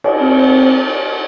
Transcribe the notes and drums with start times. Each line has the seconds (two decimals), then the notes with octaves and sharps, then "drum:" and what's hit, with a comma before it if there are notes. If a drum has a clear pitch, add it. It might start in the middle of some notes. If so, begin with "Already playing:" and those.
0.04 drum: cymbal
0.22 C4